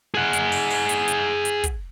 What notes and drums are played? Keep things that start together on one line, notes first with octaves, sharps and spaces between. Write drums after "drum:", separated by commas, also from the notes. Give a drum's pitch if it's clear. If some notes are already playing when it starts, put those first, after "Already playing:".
G#4 F#5
drum: hi-hat
drum: open hi-hat
drum: open hi-hat
drum: hi-hat
drum: hi-hat
drum: hi-hat
drum: kick, hi-hat